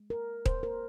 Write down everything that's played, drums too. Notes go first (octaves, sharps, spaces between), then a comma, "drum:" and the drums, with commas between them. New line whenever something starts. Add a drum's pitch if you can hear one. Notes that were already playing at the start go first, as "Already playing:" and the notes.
Already playing: G#3
A#4
C5, drum: kick D#1
A#4